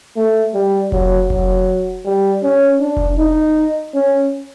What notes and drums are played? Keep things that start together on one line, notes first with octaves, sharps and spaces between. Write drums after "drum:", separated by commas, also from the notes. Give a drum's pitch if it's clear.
A3
G3
F#3, drum: kick F1
F#3, drum: kick F1
G3
C#4
D4
drum: kick F1
D#4
C#4